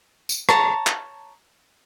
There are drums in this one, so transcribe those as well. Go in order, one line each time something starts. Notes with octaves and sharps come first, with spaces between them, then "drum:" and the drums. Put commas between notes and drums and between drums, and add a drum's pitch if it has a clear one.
drum: tambourine
C#5 A5 A#5, drum: rim click
drum: clap